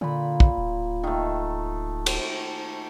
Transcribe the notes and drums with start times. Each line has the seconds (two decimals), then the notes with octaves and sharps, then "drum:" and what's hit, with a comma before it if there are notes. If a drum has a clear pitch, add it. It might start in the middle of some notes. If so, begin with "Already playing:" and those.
0.01 A#2 D3 B5
0.40 drum: kick
0.57 D1
1.04 D#3 A3
2.06 drum: cymbal